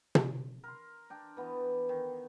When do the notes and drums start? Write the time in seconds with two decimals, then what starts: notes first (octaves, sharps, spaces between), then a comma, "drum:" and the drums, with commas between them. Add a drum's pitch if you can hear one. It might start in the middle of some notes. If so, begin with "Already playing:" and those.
0.15 drum: tom
0.64 A#4 C6
1.10 D4 G5
1.37 E3 B3
1.89 D#3